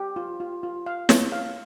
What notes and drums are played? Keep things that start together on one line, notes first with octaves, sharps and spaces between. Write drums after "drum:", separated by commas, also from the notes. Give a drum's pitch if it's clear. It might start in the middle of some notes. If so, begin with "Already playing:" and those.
Already playing: G4
F4
F4
F4
F5
C#5, drum: snare
F5